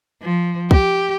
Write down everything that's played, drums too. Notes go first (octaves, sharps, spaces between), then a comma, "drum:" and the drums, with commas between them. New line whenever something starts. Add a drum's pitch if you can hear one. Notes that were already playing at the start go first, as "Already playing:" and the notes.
F3
G4, drum: kick